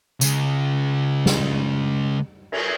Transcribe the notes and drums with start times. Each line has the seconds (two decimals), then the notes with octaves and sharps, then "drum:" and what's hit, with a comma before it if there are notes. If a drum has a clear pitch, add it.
0.21 C#3 G#3, drum: tambourine
1.26 drum: snare
2.52 drum: cymbal